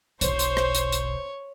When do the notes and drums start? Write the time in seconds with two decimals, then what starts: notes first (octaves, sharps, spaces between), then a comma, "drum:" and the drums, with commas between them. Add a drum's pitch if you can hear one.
0.21 E1 B1 C5 C#5, drum: hi-hat
0.39 drum: hi-hat
0.57 drum: rim click
0.75 drum: hi-hat
0.92 drum: hi-hat